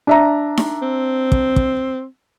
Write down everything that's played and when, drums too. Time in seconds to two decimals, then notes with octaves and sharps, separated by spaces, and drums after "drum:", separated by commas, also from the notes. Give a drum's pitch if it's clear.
0.07 D4 E5 A#5
0.57 drum: snare D#4
0.82 C4
1.32 drum: kick
1.56 drum: kick